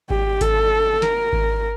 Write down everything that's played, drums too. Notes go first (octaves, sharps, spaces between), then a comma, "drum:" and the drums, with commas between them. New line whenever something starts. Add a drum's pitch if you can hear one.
G4, drum: kick G#1
A4, drum: kick G#1, hi-hat
A#4, drum: snare
drum: kick G#1